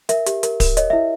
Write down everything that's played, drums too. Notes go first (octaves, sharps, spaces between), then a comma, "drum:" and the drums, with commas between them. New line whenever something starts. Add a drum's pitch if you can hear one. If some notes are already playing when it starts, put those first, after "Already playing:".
A#4 E5, drum: hi-hat
G4, drum: hi-hat
A#4, drum: hi-hat
A#4, drum: kick D1, open hi-hat
C#5 D#5, drum: hi-hat
E4 E5